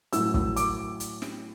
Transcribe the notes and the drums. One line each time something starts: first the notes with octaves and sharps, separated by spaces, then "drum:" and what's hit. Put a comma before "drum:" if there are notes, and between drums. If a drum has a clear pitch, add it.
A2 F#3 C#4 E4 E6, drum: hi-hat
E6, drum: kick
D6, drum: hi-hat
drum: hi-hat
drum: snare